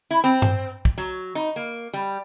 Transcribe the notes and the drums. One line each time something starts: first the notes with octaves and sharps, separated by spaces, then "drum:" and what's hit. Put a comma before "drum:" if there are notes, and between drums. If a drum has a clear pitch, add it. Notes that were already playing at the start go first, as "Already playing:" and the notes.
E4
C4
drum: tom G2
drum: kick
F#3
D#4
A#3
G3